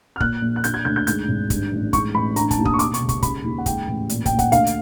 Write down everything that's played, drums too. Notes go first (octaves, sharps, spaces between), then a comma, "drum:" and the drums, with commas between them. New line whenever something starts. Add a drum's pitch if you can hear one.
F6
A#2 F#6, drum: kick
A#1
F#6
D3 G6, drum: hi-hat
G#6
D2 G6
G6
G#2 G6, drum: hi-hat
G#1
G2, drum: kick, hi-hat
A1
G#2 C#6, drum: kick, hi-hat
A1 B5
D3 A#5, drum: hi-hat
A5, drum: kick, hi-hat
D#2
D#6, drum: kick
C#6
B2 D6, drum: hi-hat
C#6, drum: hi-hat
C#2
C#6, drum: kick, hi-hat
C#3 B5, drum: kick, hi-hat
D#2
F#5
G#2 G5, drum: kick, hi-hat
A1
A#2, drum: hi-hat
G5, drum: kick, hi-hat
A#1
F#5, drum: kick, hi-hat
D2 F5, drum: hi-hat
drum: hi-hat